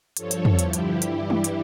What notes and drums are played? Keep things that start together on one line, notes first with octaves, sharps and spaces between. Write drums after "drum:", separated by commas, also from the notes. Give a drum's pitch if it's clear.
G2 F3 A4 C#5, drum: hi-hat
drum: hi-hat
drum: tom
G2 D3 F3 E4 G4, drum: hi-hat
drum: hi-hat
G2 E3 G3, drum: hi-hat
drum: tom
drum: hi-hat